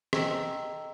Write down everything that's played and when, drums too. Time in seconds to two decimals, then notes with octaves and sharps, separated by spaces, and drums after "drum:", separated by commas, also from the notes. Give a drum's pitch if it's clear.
0.13 A4 D#5 G5 A#5 E6, drum: rim click